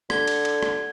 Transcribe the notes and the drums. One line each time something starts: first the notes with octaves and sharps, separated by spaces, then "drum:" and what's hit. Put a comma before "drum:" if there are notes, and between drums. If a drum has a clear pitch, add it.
D3 G#6 G7, drum: rim click
drum: cymbal
drum: cymbal
drum: rim click